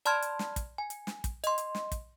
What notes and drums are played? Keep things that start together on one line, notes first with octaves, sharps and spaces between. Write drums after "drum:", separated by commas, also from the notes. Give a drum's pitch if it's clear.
D5 A5 B5 C6 F6 G#6, drum: hi-hat
drum: hi-hat
drum: snare
drum: kick, hi-hat
G#5
drum: hi-hat
drum: snare
drum: kick, hi-hat
D#5 C6, drum: hi-hat
drum: hi-hat
drum: snare
drum: kick, hi-hat